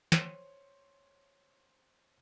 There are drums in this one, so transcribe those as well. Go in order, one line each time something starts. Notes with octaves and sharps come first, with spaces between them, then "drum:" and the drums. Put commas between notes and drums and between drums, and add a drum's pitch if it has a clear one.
C5 C#5 C6, drum: snare